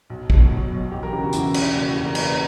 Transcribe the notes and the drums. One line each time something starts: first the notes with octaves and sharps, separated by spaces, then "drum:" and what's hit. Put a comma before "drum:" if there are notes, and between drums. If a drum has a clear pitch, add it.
B1
B2 F#3, drum: kick
B1
B2 F#3
E2 G4
A#4
C#3 E3 G4
F#4
E2 E4, drum: hi-hat
C#3 E3, drum: cymbal
F#1 F#4
F#4
E2 C#3 G4
A#4
F#1 B4, drum: cymbal